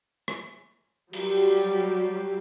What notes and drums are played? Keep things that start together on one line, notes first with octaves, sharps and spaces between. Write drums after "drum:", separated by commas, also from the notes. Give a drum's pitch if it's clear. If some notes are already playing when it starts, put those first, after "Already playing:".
drum: rim click
F#3 G3 G4, drum: cymbal